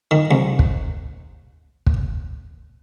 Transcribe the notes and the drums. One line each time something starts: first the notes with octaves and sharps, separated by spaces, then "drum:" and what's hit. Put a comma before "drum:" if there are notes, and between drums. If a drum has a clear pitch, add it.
D#3
C2
drum: kick
drum: kick